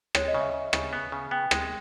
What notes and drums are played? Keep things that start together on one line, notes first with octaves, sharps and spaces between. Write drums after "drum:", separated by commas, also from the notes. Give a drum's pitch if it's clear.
G#3 C#5, drum: rim click
D#5
C#3
E5
C#3
C#3, drum: rim click
B3
C#3
B3 G5
G#3, drum: rim click